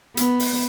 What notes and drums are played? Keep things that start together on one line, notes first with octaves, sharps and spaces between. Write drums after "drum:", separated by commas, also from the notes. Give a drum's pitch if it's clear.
B3, drum: hi-hat
drum: open hi-hat